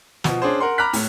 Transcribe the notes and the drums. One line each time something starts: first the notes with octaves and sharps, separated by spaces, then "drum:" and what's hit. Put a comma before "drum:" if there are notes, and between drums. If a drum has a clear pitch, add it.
B2 F3, drum: snare
C#4 D4 G#4 C5
A#4 F#5 C6
A#5 B5 D6 F6 F#6 B6
A2, drum: open hi-hat